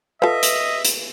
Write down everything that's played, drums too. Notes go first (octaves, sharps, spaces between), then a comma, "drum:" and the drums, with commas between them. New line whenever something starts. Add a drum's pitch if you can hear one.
F4 A4 B4 D#5 E5
drum: hi-hat
drum: hi-hat